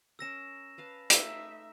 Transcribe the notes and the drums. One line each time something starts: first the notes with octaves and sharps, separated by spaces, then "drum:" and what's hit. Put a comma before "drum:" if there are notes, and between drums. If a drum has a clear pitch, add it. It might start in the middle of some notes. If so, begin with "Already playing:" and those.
C#4 A#4 E6 A#6 E7
B4 F5 A5
A3 D#4 E5, drum: hi-hat